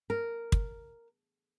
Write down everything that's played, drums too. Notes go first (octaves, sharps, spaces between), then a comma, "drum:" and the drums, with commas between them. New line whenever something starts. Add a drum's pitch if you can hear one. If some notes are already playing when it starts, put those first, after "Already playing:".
A#4
drum: kick